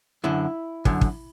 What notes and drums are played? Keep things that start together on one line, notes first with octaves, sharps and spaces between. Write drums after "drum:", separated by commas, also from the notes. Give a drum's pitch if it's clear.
F#2 D3 E4
F#2 D3, drum: kick
drum: kick